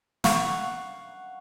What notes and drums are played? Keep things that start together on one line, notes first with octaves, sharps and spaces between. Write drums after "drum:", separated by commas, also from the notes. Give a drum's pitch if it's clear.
F5 F#5 C#6, drum: snare